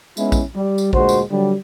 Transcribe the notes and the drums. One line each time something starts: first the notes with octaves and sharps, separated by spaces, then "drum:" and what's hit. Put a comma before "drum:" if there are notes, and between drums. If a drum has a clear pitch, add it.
G#3 B3 C#4 E4, drum: tambourine
drum: kick A#1, tambourine
G3
drum: tambourine
D2 A#2 G#3 F#4 C5, drum: kick A#1
drum: tambourine
D3 F#3 G3